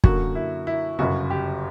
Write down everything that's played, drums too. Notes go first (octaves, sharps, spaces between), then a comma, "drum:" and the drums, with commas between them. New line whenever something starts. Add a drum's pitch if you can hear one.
F#2 D3 A#3 F#4, drum: kick
E4
E4
G1 F#2 C#3 F#4
G4